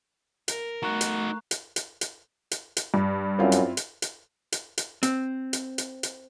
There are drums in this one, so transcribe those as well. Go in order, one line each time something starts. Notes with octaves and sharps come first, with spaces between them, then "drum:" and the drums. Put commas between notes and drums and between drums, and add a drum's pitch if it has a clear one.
A#4, drum: hi-hat
A3 D#4 F#4 F5 A#5 C#6 F#6
drum: hi-hat
drum: hi-hat
drum: hi-hat
drum: hi-hat
drum: hi-hat
drum: hi-hat
G2
F#2 C4 E4 F4
drum: hi-hat
drum: hi-hat
drum: hi-hat
drum: hi-hat
drum: hi-hat
C4, drum: hi-hat
drum: hi-hat
drum: hi-hat
drum: hi-hat